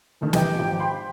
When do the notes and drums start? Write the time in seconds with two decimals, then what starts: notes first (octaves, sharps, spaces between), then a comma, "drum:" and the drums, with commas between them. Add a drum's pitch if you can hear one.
0.21 D2 D3 D#3
0.33 E3 G4 D#5, drum: snare
0.55 G#1 F3
0.80 B5 C6